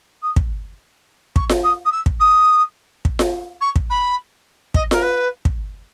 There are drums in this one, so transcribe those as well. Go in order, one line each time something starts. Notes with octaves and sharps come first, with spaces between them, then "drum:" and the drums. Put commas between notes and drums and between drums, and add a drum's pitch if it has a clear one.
D#6
drum: kick
C#6, drum: kick
drum: snare F4
D#6
D#6
E6
drum: kick
D#6
drum: kick
drum: snare F4
C#6
drum: kick
B5
D#5, drum: kick
A#4, drum: snare F4
B4
drum: kick